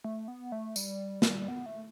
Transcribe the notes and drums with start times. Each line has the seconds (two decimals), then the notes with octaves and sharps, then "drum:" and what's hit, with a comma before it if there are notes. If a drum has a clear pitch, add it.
0.04 A3
0.28 B3
0.52 A3
0.76 G3, drum: tambourine
1.22 drum: snare
1.48 B3
1.66 A3